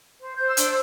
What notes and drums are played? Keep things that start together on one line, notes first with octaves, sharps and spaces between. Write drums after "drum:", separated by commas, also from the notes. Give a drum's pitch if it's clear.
C5
C5 G6
E6
D4, drum: hi-hat